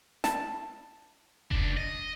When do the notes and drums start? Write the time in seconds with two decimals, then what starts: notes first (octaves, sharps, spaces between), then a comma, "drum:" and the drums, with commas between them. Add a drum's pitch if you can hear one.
0.24 A5, drum: snare
1.51 C#2 D4, drum: kick F1
1.77 D#5